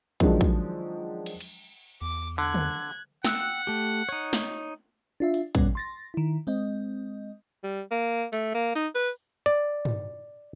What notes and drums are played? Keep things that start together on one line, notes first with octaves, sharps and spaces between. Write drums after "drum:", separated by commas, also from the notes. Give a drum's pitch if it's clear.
D#3 F3 F#3 G#3 D4, drum: kick
drum: kick
drum: cymbal
drum: cymbal
E2 D6
D3 F#6 G#6
drum: tom
F#5 G5 E6 F#6, drum: snare
A3 G4
D#4 C#5
drum: snare
D4 F4 E5
drum: hi-hat
D2 G2 B2 G3 B3 C#4, drum: kick
C6 A6 A#6
D#3 E4
G#3 C4 D#5
G3
A#3
A3, drum: hi-hat
A#3
D#4, drum: hi-hat
B4, drum: open hi-hat
D5
drum: tom